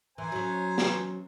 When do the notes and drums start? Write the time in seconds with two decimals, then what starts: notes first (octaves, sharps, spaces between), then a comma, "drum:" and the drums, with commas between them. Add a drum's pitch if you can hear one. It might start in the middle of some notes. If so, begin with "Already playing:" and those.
0.18 E3 C5 G#5 A#5
0.32 F#3 C#4
0.78 drum: snare